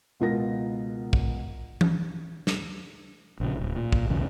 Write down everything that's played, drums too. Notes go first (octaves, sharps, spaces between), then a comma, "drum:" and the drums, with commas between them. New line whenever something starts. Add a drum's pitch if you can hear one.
C#2 B2 F4 A#4 A#6
drum: kick
drum: tom E3
drum: snare
A#1 C#3
D1
A#2
drum: kick
B1 E2 C#3